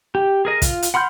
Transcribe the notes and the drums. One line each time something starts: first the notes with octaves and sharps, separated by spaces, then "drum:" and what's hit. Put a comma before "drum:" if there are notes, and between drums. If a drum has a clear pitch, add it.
G4
G#4 A#4 D#5
F4, drum: kick, hi-hat
drum: hi-hat
F#5 B5 C6 F6 G6